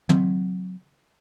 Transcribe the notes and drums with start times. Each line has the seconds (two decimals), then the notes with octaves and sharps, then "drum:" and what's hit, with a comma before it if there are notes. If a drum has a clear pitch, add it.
0.09 F#3 C4, drum: tom